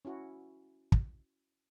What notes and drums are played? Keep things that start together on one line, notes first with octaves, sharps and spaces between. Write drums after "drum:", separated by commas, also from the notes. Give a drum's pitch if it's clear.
C#4 E4 F#4
drum: kick